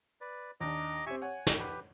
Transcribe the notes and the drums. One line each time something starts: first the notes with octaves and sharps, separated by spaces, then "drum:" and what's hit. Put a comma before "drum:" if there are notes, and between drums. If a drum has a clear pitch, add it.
B4 D5
D#2 D4 D#5 A#5 D6
C4 G4 E5 G#5 C#6
C#5 F#5 G#5
drum: snare
G4 B4